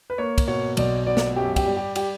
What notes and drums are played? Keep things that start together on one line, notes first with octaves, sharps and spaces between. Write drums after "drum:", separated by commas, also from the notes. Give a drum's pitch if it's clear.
B4
A#3 C#5
drum: kick, cymbal
B2 C#5
B1 D5, drum: cymbal
B2 D5
drum: snare
F#2 G4
G4, drum: kick, cymbal
G3
G4
G3 G4, drum: cymbal